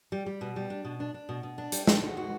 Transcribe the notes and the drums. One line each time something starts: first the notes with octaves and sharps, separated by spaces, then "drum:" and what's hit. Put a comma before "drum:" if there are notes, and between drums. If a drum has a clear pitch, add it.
G3
G3
B2
G3
D4
B2
D4
D4
B2
B2
D4
G3, drum: hi-hat
D3, drum: snare
F#4
F#4